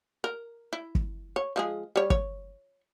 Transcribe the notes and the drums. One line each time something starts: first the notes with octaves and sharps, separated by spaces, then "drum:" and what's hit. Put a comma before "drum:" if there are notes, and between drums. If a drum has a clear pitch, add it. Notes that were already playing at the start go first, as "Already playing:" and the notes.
A#4
E4
drum: kick
C#5
F3 G#3 G#4
G3 C#5
C#5, drum: kick